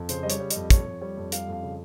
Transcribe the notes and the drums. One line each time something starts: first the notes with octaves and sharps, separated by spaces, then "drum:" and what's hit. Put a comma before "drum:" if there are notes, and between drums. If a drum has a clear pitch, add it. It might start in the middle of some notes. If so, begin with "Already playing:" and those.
Already playing: F2
C#3 C5, drum: hi-hat
G3 D#5
C#5, drum: hi-hat
G3
F2 D#5, drum: hi-hat
F2 C#5, drum: kick, hi-hat
F2
G3 C#5
F2
G3 F5, drum: hi-hat
F2 F5
C#3